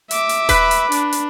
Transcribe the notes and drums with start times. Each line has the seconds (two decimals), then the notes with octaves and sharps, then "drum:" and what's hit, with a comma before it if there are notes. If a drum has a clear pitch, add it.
0.11 E5 D6, drum: hi-hat
0.29 drum: hi-hat
0.49 B4, drum: kick D#1, hi-hat
0.71 drum: hi-hat
0.92 D4, drum: hi-hat
1.13 drum: hi-hat